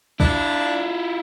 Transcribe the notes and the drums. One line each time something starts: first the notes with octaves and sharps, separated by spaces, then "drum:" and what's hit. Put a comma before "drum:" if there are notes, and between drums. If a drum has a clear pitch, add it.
D4 E4 F4, drum: kick